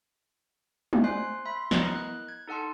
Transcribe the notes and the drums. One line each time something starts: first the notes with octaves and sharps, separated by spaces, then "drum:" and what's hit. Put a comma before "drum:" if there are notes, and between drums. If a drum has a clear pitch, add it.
drum: tom G3
C5 G#5 C6 F#6 C7
E5 B5 C6
B3 E4 A#4 D#5 A#5 F#6, drum: snare
F#6
G#6
D#4 A4 F#5 A5 C6